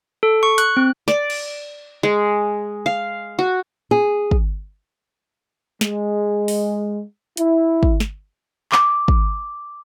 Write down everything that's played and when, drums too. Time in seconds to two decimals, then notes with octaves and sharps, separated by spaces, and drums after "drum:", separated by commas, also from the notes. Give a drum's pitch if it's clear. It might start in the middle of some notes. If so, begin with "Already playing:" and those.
0.23 A4
0.43 C#6
0.58 F#6, drum: hi-hat
0.77 C4
1.08 D5, drum: snare
1.30 drum: cymbal
2.03 G#3
2.86 F5
3.39 F#4
3.91 G#4
4.31 drum: kick
5.81 G#3, drum: snare
6.48 drum: open hi-hat
7.37 E4, drum: hi-hat
7.83 drum: kick
8.00 drum: snare
8.72 D6, drum: clap
9.08 drum: kick